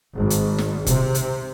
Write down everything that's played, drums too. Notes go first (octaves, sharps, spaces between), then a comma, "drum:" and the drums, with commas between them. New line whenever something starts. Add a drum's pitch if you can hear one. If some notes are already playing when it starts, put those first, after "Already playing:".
G#1
drum: hi-hat
drum: snare
C3, drum: kick, hi-hat
drum: hi-hat